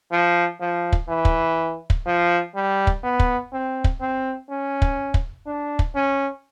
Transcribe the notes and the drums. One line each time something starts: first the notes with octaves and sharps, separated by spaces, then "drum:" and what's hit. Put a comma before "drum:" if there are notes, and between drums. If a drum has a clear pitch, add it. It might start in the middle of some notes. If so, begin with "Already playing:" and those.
F3
F3
drum: kick
E3
drum: kick
drum: kick
F3
G3
drum: kick
B3
drum: kick
C4
drum: kick
C4
C#4
drum: kick
drum: kick
D4
drum: kick
C#4